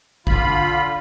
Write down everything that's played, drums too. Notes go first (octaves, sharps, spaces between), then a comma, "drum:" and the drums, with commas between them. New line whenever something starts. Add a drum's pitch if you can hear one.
D3 F4 B5, drum: kick